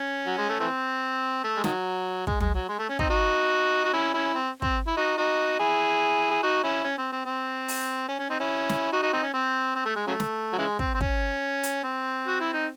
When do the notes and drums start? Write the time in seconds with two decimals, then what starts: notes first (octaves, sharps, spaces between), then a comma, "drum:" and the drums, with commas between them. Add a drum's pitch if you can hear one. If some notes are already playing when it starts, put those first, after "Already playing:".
Already playing: C#4
0.26 F#3
0.38 G#3
0.49 A3
0.60 E3 A3 C4
1.44 A3
1.57 G#3
1.64 D#3 F#3, drum: snare
2.27 G#3, drum: kick
2.40 G#3, drum: tom
2.54 F#3
2.68 G#3
2.79 A3
2.89 C#4
2.99 C4 D#4, drum: kick
3.10 D#4 F#4
3.85 F#4
3.93 C#4 E4
4.14 C#4 E4
4.34 C4
4.62 C4, drum: kick
4.87 E4
4.96 D#4 F#4
5.18 D#4 F#4
5.59 E4 G#4
6.31 G#4
6.43 D#4 F#4
6.63 C#4 E4
6.84 C#4
6.98 C4
7.12 C4
7.25 C4
7.68 drum: open hi-hat
8.08 C#4
8.19 C#4
8.30 C4 D#4
8.40 C#4 E4
8.69 drum: snare
8.92 D#4 F#4
9.02 D#4 F#4
9.13 C4 D#4
9.23 C#4
9.33 C4
9.75 C4
9.85 A3
9.96 G#3
10.07 C#3 F#3 A3
10.20 drum: snare
10.53 F#3
10.58 C#3 E3 G#3
10.79 C4, drum: kick
10.94 C4
11.01 C#4, drum: kick
11.63 drum: hi-hat
11.83 C4
12.27 F#4
12.40 E4
12.53 D#4